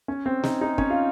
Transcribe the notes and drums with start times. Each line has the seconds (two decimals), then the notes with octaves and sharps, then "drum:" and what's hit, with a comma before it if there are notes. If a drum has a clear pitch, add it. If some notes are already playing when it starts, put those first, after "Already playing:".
0.08 C#4
0.26 C4
0.43 D#4, drum: snare
0.61 D#4
0.78 C#4, drum: kick
0.90 F4